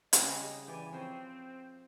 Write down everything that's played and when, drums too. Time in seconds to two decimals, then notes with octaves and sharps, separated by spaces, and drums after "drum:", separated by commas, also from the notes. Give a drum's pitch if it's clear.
0.13 C#3 G3 D#5 G#5, drum: hi-hat
0.68 E3 G4 D5 G#5
0.92 F3 C4 C5 C#5